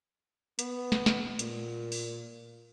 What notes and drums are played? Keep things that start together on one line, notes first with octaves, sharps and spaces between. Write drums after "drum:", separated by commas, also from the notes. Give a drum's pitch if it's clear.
B3, drum: hi-hat
drum: snare
drum: snare
A#2, drum: hi-hat
drum: open hi-hat